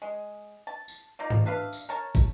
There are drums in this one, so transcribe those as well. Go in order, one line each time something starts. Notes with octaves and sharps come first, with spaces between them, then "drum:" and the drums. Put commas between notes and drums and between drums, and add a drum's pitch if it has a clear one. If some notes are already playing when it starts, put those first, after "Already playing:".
G#3
A5
drum: tambourine
D#4 F4 D5
drum: tom G#2
D4 B4 E5 F5
drum: tambourine
A#4 C#5 A5
drum: kick, tambourine